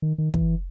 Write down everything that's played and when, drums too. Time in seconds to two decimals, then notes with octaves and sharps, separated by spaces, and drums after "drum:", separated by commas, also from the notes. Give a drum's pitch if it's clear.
0.02 D#3
0.18 D#3
0.34 E3, drum: kick